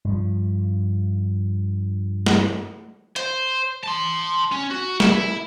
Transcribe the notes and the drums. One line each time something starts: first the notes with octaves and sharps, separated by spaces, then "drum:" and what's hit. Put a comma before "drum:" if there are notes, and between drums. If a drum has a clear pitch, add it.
G2 F3
drum: snare
C5, drum: hi-hat
A5 C6
C#4
F#4
E4 E5, drum: snare